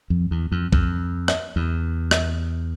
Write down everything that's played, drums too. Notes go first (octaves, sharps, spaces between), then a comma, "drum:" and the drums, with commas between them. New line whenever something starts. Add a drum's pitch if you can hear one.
F2
E2
F2
F2, drum: kick
drum: rim click
E2
drum: rim click